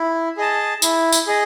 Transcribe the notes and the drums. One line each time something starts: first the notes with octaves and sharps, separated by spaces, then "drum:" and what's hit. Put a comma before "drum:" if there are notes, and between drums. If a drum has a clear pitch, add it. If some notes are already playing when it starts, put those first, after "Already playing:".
Already playing: E4
G#4 D#5 A5
E4, drum: tambourine
drum: tambourine
G#4 D#5